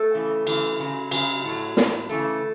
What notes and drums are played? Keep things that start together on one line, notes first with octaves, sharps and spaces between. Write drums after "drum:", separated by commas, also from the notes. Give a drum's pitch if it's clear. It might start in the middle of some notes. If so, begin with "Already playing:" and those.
Already playing: A3
C#3 E3
C#3 E3, drum: cymbal
C#3 F#3
C#3 F#3, drum: cymbal
A2
F#3
A2 F#3, drum: snare
C#3 E3 A3